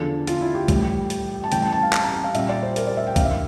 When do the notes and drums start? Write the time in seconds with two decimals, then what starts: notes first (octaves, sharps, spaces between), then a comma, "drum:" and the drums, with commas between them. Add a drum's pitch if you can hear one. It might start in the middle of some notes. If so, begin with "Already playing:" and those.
Already playing: E2 D3 F3 A4
0.27 F4, drum: hi-hat
0.41 E4
0.55 G4
0.68 A2 E3 G3, drum: kick C2, hi-hat
1.10 drum: hi-hat
1.44 A5
1.52 A2 E3 G3 G5, drum: hi-hat
1.62 A5
1.73 A5
1.83 F5
1.93 A5, drum: clap
2.04 A#5
2.14 A5
2.24 F5
2.35 A#2 G3 E5, drum: hi-hat
2.49 D5
2.63 C5
2.76 A#4, drum: hi-hat
2.87 D5
2.97 E5
3.07 G5
3.16 G2 E3 G3 F5, drum: kick C2, hi-hat
3.25 E5